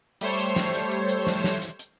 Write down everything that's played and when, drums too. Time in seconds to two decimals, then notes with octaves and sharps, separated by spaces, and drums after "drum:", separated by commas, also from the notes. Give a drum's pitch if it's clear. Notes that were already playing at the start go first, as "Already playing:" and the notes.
0.21 G3 A3 C5 C#5, drum: hi-hat
0.39 drum: hi-hat
0.56 drum: snare
0.74 drum: hi-hat
0.91 drum: hi-hat
1.09 drum: hi-hat
1.27 drum: snare
1.44 drum: snare
1.62 drum: hi-hat
1.79 drum: hi-hat